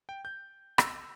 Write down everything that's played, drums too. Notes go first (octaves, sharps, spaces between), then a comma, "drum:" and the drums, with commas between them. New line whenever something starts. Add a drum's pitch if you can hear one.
G5
G6
E6, drum: rim click